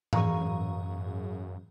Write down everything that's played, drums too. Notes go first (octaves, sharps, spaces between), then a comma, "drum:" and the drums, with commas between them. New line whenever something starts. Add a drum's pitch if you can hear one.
F#2 E3 G#4 F5 A#5 C#6, drum: tom G#2